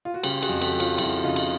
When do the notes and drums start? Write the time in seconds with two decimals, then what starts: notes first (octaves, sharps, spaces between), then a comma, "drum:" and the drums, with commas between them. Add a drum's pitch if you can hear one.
0.05 F4
0.14 F#4
0.24 C#3 F4 G4, drum: cymbal
0.43 F#4 G#4, drum: cymbal
0.49 F2
0.61 G4 A4, drum: cymbal
0.73 F3
0.80 F4 G4, drum: cymbal
0.98 F2 E4 F#4, drum: cymbal
1.24 C#3 D#4 F4
1.36 drum: cymbal